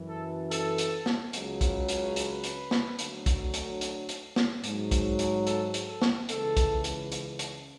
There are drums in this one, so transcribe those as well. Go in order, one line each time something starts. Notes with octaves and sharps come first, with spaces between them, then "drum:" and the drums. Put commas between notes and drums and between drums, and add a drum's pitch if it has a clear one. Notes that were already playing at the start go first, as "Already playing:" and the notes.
Already playing: F#2 E3
A4
A4, drum: hi-hat
drum: hi-hat
drum: snare
C#2 C#3 F#3, drum: hi-hat
drum: kick, hi-hat
drum: hi-hat
B4, drum: hi-hat
drum: hi-hat
drum: snare
D2 D3 F#3, drum: hi-hat
drum: kick, hi-hat
drum: hi-hat
drum: hi-hat
drum: hi-hat
drum: snare
G#2, drum: hi-hat
F#3
drum: kick, hi-hat
drum: hi-hat
A4, drum: hi-hat
drum: hi-hat
A4
drum: snare
C#2 C#3 E3 A4, drum: hi-hat
drum: kick, hi-hat
drum: hi-hat
drum: hi-hat
drum: hi-hat